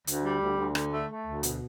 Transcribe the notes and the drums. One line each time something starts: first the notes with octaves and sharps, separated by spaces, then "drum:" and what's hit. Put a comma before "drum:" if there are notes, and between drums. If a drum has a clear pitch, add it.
D2, drum: hi-hat
G3
D2
D2
D3, drum: rim click
A3
A3
D2
B2, drum: hi-hat